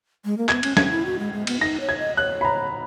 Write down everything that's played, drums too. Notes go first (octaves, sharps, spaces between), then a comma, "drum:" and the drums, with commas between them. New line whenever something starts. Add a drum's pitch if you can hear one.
G#3
A#3
B3 G#6, drum: clap
C#4, drum: cymbal
C#4 G#6, drum: snare
E4
F#4
G#3
G#3
B3, drum: cymbal
D#4 A#6
C#5
G#6
D#5
C#5 F#6
B5
A#5